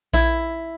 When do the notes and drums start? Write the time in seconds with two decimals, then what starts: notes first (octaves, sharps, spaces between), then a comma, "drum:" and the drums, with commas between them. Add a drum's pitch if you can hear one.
0.13 E4, drum: kick A#1